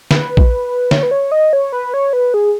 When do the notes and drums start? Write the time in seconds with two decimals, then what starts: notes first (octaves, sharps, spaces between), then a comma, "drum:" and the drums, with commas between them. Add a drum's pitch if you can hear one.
0.11 B4, drum: snare
0.37 drum: kick A#1
0.91 C#5, drum: snare
1.03 B4
1.11 C#5
1.32 D#5
1.53 C#5
1.72 B4
1.94 C#5
2.13 B4
2.34 G#4